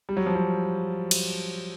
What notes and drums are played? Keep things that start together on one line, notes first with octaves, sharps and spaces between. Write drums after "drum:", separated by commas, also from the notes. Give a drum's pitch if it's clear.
G3
F#3
F3
F#3
drum: cymbal